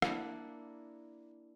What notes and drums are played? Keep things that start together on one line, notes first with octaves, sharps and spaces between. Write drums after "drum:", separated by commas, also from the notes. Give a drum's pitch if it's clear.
A#3 D4 E4 F#5, drum: rim click